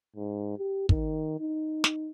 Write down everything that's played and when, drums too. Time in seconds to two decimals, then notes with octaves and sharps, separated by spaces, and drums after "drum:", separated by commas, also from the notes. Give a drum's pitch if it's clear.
0.16 G#2
0.59 G4
0.89 D#3, drum: kick
1.40 D#4
1.84 drum: snare